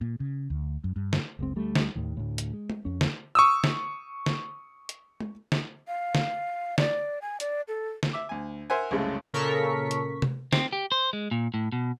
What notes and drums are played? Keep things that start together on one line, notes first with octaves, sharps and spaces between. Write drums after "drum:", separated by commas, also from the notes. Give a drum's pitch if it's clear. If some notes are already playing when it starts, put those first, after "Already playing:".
A#2
C#3
D2
F#2
G2
drum: snare
F#1 C#2 G#3 C4
D2 G3 A3
drum: snare
D#2 A2 D#3
D2 A2
drum: hi-hat
G#3
drum: tom
F2 C#4
drum: snare
C#6 D#6 E6
drum: snare
drum: snare
drum: hi-hat
drum: tom
drum: snare
F5
drum: snare
D5, drum: snare
G#5
D5, drum: hi-hat
A4
drum: snare
E5 D6
D2 G#5
A#4 C5 E5 F#5 G#5
C2 F#2 C#3 G#3 A3
A#2 C#3 A4 A#4 C#6 B6
drum: hi-hat
drum: tom C3
C4, drum: snare
G4
C5
G#3
A#2
A2
B2